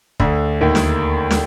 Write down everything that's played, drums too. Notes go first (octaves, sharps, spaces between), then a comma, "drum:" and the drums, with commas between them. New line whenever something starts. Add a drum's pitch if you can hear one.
D2 D3, drum: kick
D#2 D#3
drum: snare
drum: snare